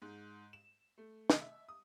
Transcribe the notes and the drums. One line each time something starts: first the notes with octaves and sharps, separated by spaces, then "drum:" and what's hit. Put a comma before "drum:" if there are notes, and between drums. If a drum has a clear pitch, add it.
G#2
E7
A3
drum: snare
E5
D#6